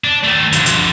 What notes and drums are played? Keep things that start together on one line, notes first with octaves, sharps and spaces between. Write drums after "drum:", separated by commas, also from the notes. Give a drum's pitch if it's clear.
D4
D#3 A3
F2 D3, drum: hi-hat
drum: hi-hat